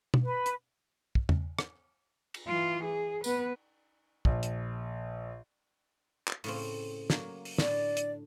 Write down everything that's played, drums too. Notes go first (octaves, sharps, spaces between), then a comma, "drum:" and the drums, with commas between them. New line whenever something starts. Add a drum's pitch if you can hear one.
drum: tom B2
B4
drum: hi-hat
drum: kick
drum: tom E2
drum: rim click
drum: cymbal
E3 F4
G#4
B3 B4, drum: tambourine
A#1, drum: kick
drum: hi-hat
drum: clap
A2 C#3 C4, drum: open hi-hat
F#3 A#3, drum: snare
drum: open hi-hat
A2 D3 D5, drum: snare
drum: hi-hat